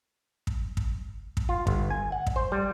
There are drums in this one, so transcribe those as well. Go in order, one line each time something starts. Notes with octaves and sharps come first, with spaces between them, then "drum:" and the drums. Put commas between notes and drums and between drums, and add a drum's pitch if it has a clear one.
drum: kick
drum: kick
drum: kick
F4
G1, drum: kick
G#5
F#5
drum: kick
C5
G3